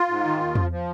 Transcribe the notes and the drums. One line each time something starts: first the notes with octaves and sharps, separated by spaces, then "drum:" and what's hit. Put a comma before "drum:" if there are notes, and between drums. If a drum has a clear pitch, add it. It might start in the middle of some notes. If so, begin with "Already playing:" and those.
Already playing: F4
G#2
D#3
D#2
F3, drum: tom E2
F3